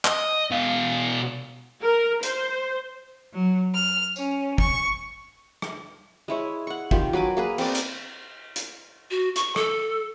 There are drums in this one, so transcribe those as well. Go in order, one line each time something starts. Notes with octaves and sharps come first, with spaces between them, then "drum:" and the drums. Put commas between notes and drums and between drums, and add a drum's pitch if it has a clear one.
D#5, drum: clap
B2 F5
A#4
C5, drum: hi-hat
F#3
F6
C#4, drum: tambourine
C#6, drum: kick
drum: rim click
G#3 E4 C#5
F#5 C#6
D#3 F4 G4, drum: kick
F#3 B4 G#5 D6
A#3 G#4 B4
C4 A#4 D5 D6, drum: cymbal
drum: hi-hat
drum: hi-hat
F#4
C#6, drum: hi-hat
A4, drum: rim click